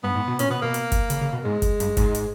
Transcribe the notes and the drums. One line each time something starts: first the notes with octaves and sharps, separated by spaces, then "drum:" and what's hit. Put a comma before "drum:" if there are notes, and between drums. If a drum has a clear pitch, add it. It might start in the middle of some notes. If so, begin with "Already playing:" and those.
G2 B3
G#2
B2
A#2 C#4, drum: hi-hat
B2 B3
B2 A#3
drum: hi-hat
drum: kick F#1, hi-hat
C#3, drum: hi-hat
C#3
B2
G#2 G#3
drum: kick F#1, hi-hat
G2, drum: hi-hat
G#2, drum: kick F#1, hi-hat
drum: hi-hat